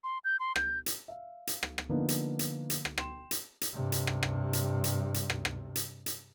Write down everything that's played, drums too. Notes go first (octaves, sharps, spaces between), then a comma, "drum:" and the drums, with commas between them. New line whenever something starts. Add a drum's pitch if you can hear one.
C6
G6
C6
G6, drum: rim click
drum: hi-hat
E5 F5
drum: hi-hat
drum: rim click
drum: rim click
D3 F3 A#3 B3 D#4
drum: hi-hat
drum: hi-hat
drum: hi-hat
drum: rim click
G5 C6 E7, drum: rim click
drum: hi-hat
drum: hi-hat
G2 C3
drum: hi-hat
drum: rim click
drum: rim click
drum: hi-hat
drum: hi-hat
drum: hi-hat
drum: rim click
drum: rim click
drum: hi-hat
drum: hi-hat